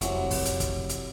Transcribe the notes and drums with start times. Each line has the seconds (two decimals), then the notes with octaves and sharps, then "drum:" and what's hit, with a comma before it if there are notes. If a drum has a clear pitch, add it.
0.01 F1 C2 F#3, drum: hi-hat
0.31 drum: kick, open hi-hat
0.45 drum: hi-hat
0.60 drum: kick, hi-hat
0.89 drum: hi-hat